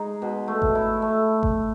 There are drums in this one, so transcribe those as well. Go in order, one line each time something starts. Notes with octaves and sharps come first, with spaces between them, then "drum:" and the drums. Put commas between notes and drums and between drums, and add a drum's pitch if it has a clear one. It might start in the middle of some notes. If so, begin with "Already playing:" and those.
Already playing: G#3 D#4 G#4
B2
A3
drum: kick G#1
E4
A3
drum: kick G#1